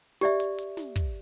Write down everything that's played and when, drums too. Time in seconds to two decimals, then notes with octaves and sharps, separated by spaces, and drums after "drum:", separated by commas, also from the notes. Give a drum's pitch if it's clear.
0.21 G4 D5 E5, drum: hi-hat
0.40 drum: hi-hat
0.58 drum: hi-hat
0.77 drum: snare
0.96 drum: kick, hi-hat